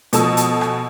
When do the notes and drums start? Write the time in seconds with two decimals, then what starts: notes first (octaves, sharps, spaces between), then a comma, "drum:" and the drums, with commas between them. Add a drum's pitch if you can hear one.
0.13 B2 F3 A4 A5 D#6 E6, drum: hi-hat
0.37 drum: hi-hat
0.61 drum: rim click